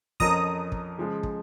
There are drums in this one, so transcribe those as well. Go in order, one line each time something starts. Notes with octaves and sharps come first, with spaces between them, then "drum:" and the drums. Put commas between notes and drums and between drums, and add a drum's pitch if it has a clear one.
F2 F3 C#4 A#4 D#5 A#5 D#6, drum: kick
drum: kick
C#3 F3 G#3
drum: kick